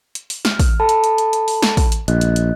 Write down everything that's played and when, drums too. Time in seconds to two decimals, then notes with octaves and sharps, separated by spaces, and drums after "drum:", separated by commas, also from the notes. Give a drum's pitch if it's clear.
0.15 drum: hi-hat
0.30 drum: open hi-hat
0.45 F6, drum: snare
0.59 drum: kick, open hi-hat
0.80 A4 A5 B5
0.89 drum: hi-hat
1.04 drum: hi-hat
1.18 drum: hi-hat
1.33 drum: hi-hat
1.48 drum: open hi-hat
1.63 drum: snare
1.77 drum: kick, open hi-hat
1.92 drum: hi-hat
2.08 A#1 D#5 F#6, drum: hi-hat
2.21 drum: hi-hat
2.36 drum: hi-hat